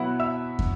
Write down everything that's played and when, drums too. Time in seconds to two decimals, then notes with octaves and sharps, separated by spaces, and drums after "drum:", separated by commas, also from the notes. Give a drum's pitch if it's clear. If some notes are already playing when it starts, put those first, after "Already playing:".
Already playing: B2 F#3 B3 E4 F#5 F#6
0.20 E5 E6
0.59 drum: kick